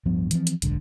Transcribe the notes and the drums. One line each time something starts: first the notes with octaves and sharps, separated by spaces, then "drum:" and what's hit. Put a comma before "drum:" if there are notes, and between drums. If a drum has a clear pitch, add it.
D1 G2 F3 B3
E3 F3 C4, drum: hi-hat
drum: hi-hat
D#1 B1 G#2 D3, drum: hi-hat